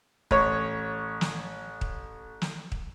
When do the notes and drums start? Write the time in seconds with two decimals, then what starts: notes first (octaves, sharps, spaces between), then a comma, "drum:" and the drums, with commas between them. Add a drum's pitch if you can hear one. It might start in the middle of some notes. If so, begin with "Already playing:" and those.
0.31 A1 C#5, drum: kick
1.21 drum: snare
1.81 drum: kick
2.42 drum: snare
2.72 drum: kick